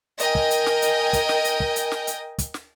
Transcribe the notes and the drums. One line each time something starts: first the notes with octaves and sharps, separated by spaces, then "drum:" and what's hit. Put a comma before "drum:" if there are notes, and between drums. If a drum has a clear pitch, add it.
A#4 D#5 G5 G#5, drum: hi-hat
drum: kick
drum: hi-hat
drum: snare
drum: hi-hat
drum: kick, hi-hat
drum: snare
drum: hi-hat
drum: kick
drum: hi-hat
drum: snare
drum: hi-hat
drum: kick, hi-hat
drum: snare